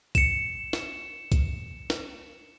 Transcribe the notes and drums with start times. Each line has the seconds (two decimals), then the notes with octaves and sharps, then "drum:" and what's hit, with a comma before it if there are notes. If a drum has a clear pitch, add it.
0.15 C#7 E7, drum: kick B1, hi-hat
0.73 drum: snare
1.32 drum: kick B1, hi-hat
1.90 drum: snare